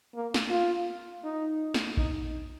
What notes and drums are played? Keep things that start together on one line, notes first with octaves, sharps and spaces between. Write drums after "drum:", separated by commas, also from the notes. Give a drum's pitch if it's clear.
A#3
drum: snare
F4
D#4
drum: snare
D#4, drum: kick A#1